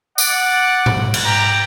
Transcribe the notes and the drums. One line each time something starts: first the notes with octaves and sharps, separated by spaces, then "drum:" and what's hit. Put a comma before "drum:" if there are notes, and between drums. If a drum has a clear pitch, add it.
D5 F#5, drum: tambourine
drum: tom G#2
drum: cymbal
G4 A#5